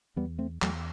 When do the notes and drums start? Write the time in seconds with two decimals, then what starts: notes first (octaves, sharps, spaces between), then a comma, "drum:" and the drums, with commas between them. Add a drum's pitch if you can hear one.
0.16 E2 G3 B3
0.39 A3 C4
0.62 E2 F#3 A3, drum: clap